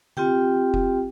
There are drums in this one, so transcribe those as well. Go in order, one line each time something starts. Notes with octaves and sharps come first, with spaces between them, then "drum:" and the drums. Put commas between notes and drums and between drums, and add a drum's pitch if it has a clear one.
C4 F4 G4 G5, drum: tom D3
drum: kick F1